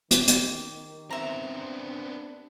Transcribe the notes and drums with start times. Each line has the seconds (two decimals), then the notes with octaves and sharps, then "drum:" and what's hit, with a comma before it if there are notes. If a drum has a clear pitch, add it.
0.11 D#3 G4, drum: hi-hat
0.28 drum: hi-hat
1.11 B3 C4 E5 A#5
1.50 D4